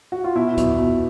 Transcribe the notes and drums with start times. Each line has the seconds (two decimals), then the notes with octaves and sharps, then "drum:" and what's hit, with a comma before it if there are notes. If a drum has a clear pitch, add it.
0.12 F#4
0.24 F4
0.35 B2 E4
0.58 E2, drum: kick C2, hi-hat
0.79 B2